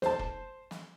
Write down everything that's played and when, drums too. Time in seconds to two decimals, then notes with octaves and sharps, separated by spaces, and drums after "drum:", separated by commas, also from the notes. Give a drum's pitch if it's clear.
0.02 C5 A5, drum: snare
0.19 drum: kick
0.71 drum: snare